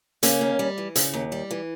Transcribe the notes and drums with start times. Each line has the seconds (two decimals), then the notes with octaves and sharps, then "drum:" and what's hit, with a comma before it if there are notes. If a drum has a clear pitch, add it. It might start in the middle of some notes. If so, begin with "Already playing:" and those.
0.23 C#3 A#3 C#4, drum: hi-hat
0.41 D#2
0.59 G3
0.78 E3
0.96 C#3, drum: hi-hat
1.14 D#2
1.32 G3
1.51 E3